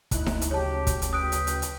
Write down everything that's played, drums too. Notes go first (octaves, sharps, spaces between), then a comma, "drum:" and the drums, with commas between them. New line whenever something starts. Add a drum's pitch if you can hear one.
D2 D#4 E4 F#6, drum: kick, hi-hat
drum: snare D#4
drum: hi-hat
C#3 F#3 G4 C#5 A5
drum: kick, hi-hat
drum: hi-hat
B4 G5 D#6 F#6 D7
drum: hi-hat
drum: hi-hat
drum: hi-hat